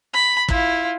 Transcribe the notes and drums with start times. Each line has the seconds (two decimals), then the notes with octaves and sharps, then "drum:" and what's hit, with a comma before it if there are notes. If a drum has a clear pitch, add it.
0.14 B5
0.49 E4 F4, drum: kick